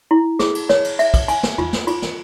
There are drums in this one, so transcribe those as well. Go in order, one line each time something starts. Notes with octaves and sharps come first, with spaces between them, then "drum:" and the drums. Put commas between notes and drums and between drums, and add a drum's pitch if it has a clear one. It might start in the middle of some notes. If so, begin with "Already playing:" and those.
E4
G#4, drum: snare
drum: cymbal
C#5, drum: snare
drum: cymbal
E5, drum: cymbal
drum: kick, cymbal
G#5, drum: cymbal
drum: snare
F4, drum: tom
drum: snare
F4, drum: cymbal
drum: snare